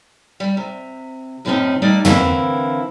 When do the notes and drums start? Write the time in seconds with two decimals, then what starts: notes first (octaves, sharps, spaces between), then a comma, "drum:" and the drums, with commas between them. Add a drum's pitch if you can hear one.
0.40 G3
0.57 C3
1.45 F#2 A2 C3 C4 C#4 D#4
1.82 G3 A3 A#3 D#4 D5
2.05 D3 E3 A#3 C4 E4, drum: tom